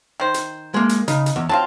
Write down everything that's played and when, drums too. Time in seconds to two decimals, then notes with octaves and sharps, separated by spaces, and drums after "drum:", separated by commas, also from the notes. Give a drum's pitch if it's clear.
0.20 D#3 C5
0.34 drum: hi-hat
0.74 G#3 A#3
0.89 drum: hi-hat
1.08 C#3 D#4, drum: hi-hat
1.26 drum: hi-hat
1.36 E2
1.49 F#3 C4 F4 A5